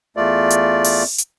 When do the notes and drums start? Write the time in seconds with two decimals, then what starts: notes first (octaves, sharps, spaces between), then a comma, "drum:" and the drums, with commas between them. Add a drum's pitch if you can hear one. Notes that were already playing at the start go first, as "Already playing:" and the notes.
0.17 E2 A3 F4 D5
0.50 drum: hi-hat
0.84 drum: open hi-hat
1.18 drum: hi-hat